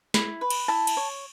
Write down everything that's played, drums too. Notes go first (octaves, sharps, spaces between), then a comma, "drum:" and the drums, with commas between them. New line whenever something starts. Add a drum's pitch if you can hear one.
E4, drum: snare
B4
drum: cymbal
E4 A5
drum: cymbal
C#5